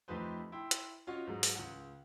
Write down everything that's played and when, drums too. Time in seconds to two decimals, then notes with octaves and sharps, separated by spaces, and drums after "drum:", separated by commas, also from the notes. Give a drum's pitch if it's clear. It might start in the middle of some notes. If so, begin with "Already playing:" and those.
0.08 F2 A3 D#4 G4 B4 C5
0.52 E4 G5 C6
0.71 drum: hi-hat
1.07 C#4 F4 F#4 C#5 D#5
1.27 G#2 F#3 G#3
1.43 drum: open hi-hat
1.55 C#2 F#5